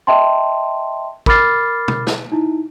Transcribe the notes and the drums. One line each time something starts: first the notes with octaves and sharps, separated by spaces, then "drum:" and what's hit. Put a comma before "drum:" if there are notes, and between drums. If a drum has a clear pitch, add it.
D#5 E5 G5 A5 C6
A#4 B5 D6 F6 A6 C7, drum: kick
drum: tom
drum: snare
D#4 E4